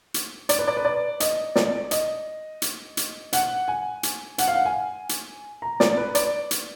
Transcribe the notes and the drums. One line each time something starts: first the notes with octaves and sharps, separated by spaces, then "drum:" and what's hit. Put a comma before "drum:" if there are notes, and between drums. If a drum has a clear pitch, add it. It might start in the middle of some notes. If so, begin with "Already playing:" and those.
drum: hi-hat
D5, drum: hi-hat
B4
D5
B4
D5
D#5, drum: hi-hat
D5, drum: snare
D#5, drum: hi-hat
drum: hi-hat
drum: hi-hat
F#5, drum: hi-hat
G#5
drum: hi-hat
F#5, drum: hi-hat
F5
F#5
G#5
drum: hi-hat
A#5
D5, drum: snare
B4
D5, drum: hi-hat
drum: hi-hat